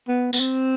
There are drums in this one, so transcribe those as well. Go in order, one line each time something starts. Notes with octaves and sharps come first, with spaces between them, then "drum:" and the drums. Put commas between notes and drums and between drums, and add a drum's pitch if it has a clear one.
B3
B3, drum: tambourine
C4